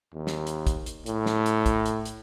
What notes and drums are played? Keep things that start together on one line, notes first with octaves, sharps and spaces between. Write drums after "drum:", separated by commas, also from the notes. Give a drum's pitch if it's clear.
D#2
drum: snare
drum: hi-hat
drum: kick, hi-hat
drum: hi-hat
A2, drum: hi-hat
drum: snare
drum: hi-hat
drum: kick, hi-hat
drum: hi-hat
drum: hi-hat